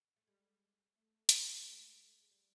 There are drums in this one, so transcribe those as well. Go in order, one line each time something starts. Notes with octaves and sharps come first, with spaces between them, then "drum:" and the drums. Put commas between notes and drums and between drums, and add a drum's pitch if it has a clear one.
A3
G3 G#3
A3
A3, drum: hi-hat
G#3 A3
G#3
G3